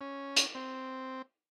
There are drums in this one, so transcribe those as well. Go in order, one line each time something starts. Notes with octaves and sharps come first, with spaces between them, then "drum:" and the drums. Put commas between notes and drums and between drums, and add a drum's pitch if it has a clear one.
C#4
drum: hi-hat
C4